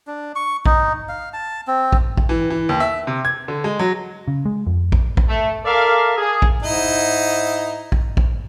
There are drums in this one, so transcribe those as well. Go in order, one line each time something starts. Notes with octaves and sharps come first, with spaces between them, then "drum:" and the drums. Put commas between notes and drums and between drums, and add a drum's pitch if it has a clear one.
D4
C#6
D#4, drum: kick
F5
A5
C4
drum: kick
drum: kick
E3
E3
D#2
E5
C3
G#6
D3
G#3
F#3
C#3
G#3
F2
drum: kick
drum: kick
A3
A4 A#4 D5 E5 F5
G#4
drum: kick
G#2 D#4 E4 D#5
drum: kick
drum: kick